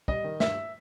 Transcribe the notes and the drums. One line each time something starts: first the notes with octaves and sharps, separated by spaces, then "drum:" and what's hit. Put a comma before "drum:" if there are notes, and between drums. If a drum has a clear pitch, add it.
G3 D#5, drum: kick
D#3
G2 E5, drum: snare